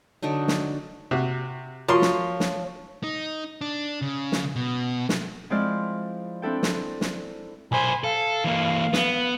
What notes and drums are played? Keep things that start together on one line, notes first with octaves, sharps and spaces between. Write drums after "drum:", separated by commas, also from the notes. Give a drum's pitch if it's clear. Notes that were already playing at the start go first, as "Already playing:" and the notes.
D3 F#3 D4 D#4
drum: snare
C3 F#4
F3 F4 F#4 A#4 C#5 C6
drum: snare
drum: snare
D#4
D4
C#3
drum: snare
B2
drum: snare
F3 G#3 C4 E4 D5 F6
C4 D4 E4 A4 G5
drum: snare
drum: snare
B1 C5 G#5 B5
A4 F5
E3 A#3
B3, drum: snare